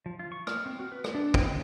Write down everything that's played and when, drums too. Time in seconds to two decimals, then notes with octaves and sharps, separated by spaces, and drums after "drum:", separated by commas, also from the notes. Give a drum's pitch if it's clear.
0.06 F3
0.19 F4
0.32 C#6
0.47 F6, drum: rim click
0.66 C4
0.79 F#4
0.92 B4
1.04 drum: rim click
1.15 D4
1.34 G5, drum: kick
1.46 C#3